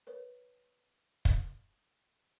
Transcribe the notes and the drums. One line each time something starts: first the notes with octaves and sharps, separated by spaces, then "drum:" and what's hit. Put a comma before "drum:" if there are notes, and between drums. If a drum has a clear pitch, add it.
A#4 B4 C#5
drum: kick